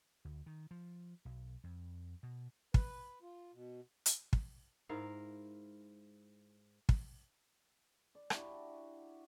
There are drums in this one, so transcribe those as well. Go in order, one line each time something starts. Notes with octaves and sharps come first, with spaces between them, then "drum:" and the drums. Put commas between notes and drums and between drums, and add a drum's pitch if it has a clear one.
D2
D#3
F3
B1
F2
B2
B4, drum: kick
F4
B2
drum: hi-hat
drum: kick
G#2 E4 A#4 F5
drum: kick
D5
D4 E4 F#4 G4, drum: rim click